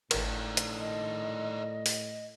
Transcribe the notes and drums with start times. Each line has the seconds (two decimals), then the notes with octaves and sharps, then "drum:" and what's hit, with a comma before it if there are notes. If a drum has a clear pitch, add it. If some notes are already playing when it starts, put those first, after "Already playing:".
0.11 G#1 A2 D#3 D4 A#4, drum: cymbal
0.57 drum: hi-hat
0.80 D#5
1.86 drum: open hi-hat